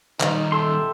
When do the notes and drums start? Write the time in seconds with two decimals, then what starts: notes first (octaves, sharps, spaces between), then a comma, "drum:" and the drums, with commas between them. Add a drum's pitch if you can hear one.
0.21 D#3 G3 D#4, drum: clap
0.52 G4 A4 E5 C6